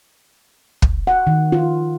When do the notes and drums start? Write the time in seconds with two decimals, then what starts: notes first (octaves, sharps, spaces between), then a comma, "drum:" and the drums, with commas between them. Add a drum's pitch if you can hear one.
0.82 drum: kick
1.07 F#5
1.27 D#3
1.52 F4